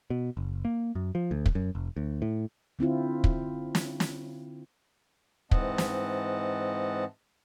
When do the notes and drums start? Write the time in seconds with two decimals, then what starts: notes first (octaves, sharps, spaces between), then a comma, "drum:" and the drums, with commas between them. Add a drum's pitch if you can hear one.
0.10 B2
0.37 F#1
0.65 A#3
0.95 F#2
1.15 F3
1.31 D2
1.46 drum: kick
1.55 F#2
1.75 F1
1.96 D2
2.22 A2
2.79 D3 C4 E4 F4
3.24 drum: kick
3.75 drum: snare
4.00 drum: snare
5.51 G#2 E3 C4 D#5 F#5 A5, drum: kick
5.78 drum: snare